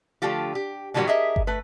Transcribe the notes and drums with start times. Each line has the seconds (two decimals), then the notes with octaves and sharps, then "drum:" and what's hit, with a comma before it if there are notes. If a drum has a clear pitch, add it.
0.22 D3 F3 A3 F4 G4
0.55 G4
0.94 A2 D3 F#3 G3 A#3 F#4
1.07 G4 G#4 A#4 D#5 E5
1.36 drum: kick G1
1.47 A3 B4